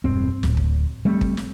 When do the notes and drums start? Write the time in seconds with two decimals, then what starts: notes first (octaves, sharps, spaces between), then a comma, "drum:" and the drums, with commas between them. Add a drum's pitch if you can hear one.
0.04 E1 G2 C4
0.43 D1, drum: snare
0.57 drum: kick
1.05 G3 A3 C4
1.21 drum: kick
1.37 drum: snare